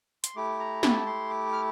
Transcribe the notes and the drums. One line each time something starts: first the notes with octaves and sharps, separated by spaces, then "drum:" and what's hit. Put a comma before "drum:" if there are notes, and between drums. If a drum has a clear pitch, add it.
C6, drum: hi-hat
A3 E4 G4 D6
A#5
A5, drum: snare
C6
D6
F6